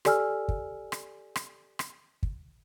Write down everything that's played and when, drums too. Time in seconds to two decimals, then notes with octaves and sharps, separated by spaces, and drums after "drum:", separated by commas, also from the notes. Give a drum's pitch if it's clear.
0.05 G4 A4 D5 G#5 E6 F6, drum: rim click
0.48 drum: kick
0.92 drum: rim click
1.36 drum: rim click
1.79 drum: rim click
2.23 drum: kick